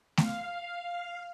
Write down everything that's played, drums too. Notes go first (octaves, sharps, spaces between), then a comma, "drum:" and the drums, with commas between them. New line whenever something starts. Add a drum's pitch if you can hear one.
F5, drum: snare A3